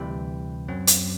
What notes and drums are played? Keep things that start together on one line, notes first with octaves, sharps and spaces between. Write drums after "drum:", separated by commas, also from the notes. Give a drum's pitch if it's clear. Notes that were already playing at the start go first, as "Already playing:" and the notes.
Already playing: D2 C3 E3 G3 G5 B5
F#2 F#3 C4
drum: hi-hat